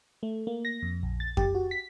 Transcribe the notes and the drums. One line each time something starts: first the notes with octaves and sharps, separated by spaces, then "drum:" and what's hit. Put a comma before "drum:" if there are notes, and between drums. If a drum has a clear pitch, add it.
A3
A#3
A#6
F2
A#1
A6
G4, drum: kick F2
F#4
B6